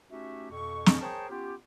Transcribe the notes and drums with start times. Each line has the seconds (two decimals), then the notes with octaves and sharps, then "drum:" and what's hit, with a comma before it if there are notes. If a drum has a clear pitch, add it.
0.10 A3 C#4 D#4 F#4 G4 E5
0.51 F2 B2 C#6
0.86 drum: snare
1.00 G#4 A#4 C5 C#5 G5 A5
1.28 B3 C#4 F4 G4